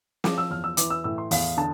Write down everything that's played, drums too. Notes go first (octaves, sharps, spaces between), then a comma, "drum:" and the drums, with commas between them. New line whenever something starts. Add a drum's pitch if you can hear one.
F3 D6, drum: snare
E6
E2 F6
E6
E3 D6, drum: hi-hat
E6
A2 E6
C6
E2 F5, drum: open hi-hat
D3 A5